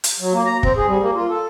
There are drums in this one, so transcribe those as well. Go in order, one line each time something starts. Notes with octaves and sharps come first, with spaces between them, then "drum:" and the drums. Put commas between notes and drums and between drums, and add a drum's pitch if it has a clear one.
drum: hi-hat
F#3
A#3
A#5
C4, drum: kick
G#4
G3
A#3
F4
A4